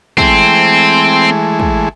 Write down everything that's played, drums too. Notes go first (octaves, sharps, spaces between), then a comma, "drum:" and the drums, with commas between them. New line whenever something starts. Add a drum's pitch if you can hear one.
E3 G#3 A3 C4, drum: kick
drum: kick